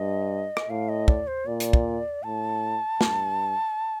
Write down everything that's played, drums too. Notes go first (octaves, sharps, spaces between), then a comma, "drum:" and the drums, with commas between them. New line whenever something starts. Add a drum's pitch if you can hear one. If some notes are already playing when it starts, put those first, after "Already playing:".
Already playing: G2 D#5
drum: rim click
A2 F5
D#5
D5, drum: kick
C5
A#2 D5
drum: hi-hat
drum: kick
A2 A5
G2, drum: snare